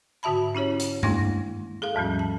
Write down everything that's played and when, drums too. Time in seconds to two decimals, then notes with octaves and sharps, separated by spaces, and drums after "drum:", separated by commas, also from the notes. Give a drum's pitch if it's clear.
0.23 G#2 D3 F#4 E5 A5 B5
0.55 C#4 E4 G4 C#5
0.80 drum: hi-hat
1.03 G#3 A#3 D4 E4, drum: tom G2
1.82 G#4 A4 F5
1.95 D#2 G#2 F3 G3 C#4
2.19 A5